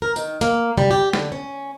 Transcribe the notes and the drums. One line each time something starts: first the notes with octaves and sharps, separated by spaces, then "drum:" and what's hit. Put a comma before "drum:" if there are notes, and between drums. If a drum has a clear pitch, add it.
A#4
D#3, drum: tambourine
A#3, drum: hi-hat
G3, drum: tom C3
G4
D3, drum: snare
C#4